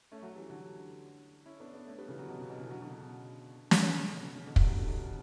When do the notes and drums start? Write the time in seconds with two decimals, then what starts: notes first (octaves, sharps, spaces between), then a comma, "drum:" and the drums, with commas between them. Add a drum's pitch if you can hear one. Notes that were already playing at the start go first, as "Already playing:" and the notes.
0.12 A3 C#4
0.22 F#3 A3
0.36 E3 G3
0.49 D3 F#3
1.46 C#4 E4
1.60 B3 D4
1.74 B3 D4
1.87 A3 C#4
1.98 G3 B3
2.08 C#3 E3
2.18 D3 F#3
2.28 B2
2.39 C#3
2.50 B2 D3
2.60 C#3 E3
2.70 D3 F#3
2.81 B2 D3
2.91 C#3
3.01 B2
3.71 drum: snare
3.94 C#3
4.08 B2 D3
4.22 C#3
4.35 C#3
4.46 B2 D3
4.56 F#3 A3, drum: kick
4.67 E3 G3
4.76 D3 F#3
4.88 B2 D3
4.98 C#3